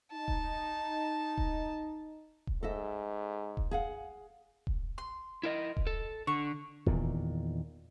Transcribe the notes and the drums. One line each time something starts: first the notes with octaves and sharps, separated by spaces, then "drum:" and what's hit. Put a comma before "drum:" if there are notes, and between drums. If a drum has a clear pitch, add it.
D#4 A5
drum: kick D#1
drum: kick D#1
drum: kick D#1
G#2 A4 D#5 E5
drum: kick D#1
G#4 F5 F#5
drum: kick D#1
C6
E4 A#4 D#5
drum: kick D#1
A4
D3 C#6
E2 A#2 D#3, drum: kick D#1